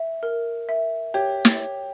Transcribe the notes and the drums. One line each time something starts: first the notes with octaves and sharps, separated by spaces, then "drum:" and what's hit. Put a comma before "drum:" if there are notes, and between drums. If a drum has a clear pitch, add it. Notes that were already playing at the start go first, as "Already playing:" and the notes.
Already playing: E5
A#4
E5
G4 C#5
drum: snare
C#5